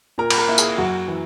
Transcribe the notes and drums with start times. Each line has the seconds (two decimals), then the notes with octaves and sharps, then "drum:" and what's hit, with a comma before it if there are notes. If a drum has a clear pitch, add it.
0.18 A#2 A#4 A#5
0.30 B5, drum: cymbal
0.38 A#4 A#5
0.48 A#3 E4
0.58 G#4 G#5, drum: tambourine
0.78 F#2 F#4 F#5
1.08 E3